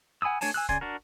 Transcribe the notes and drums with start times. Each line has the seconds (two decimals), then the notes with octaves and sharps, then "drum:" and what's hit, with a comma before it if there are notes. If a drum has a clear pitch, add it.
0.22 F#5 G#5 B5 D#6 E6
0.41 A3 D4 C#5 G#5 A5, drum: open hi-hat
0.54 G#5 E6 F#6
0.69 C#3 D5 G#5 C6, drum: kick
0.81 D4 F#4 A#4